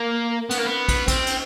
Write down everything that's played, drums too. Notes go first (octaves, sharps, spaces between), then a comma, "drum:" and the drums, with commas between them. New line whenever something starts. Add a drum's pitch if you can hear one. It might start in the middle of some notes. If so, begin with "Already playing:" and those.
Already playing: A#3
B3, drum: cymbal
A#3
B3
drum: kick, cymbal
C4, drum: kick, cymbal
drum: cymbal